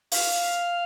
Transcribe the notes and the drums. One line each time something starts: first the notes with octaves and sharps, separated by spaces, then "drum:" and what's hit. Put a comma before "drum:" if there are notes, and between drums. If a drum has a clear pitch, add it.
F5, drum: open hi-hat